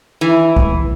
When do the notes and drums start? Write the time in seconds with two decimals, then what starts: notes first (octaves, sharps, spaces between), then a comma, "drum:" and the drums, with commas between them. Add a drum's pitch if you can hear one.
0.21 E3
0.57 drum: kick C2